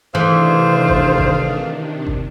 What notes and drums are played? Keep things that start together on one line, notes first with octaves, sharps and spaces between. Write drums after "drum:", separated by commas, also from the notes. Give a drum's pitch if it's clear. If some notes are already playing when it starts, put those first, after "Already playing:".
C3 D#3 E3 A3 D4 G#4 C5 F5
drum: kick G1
drum: kick G1
drum: kick G1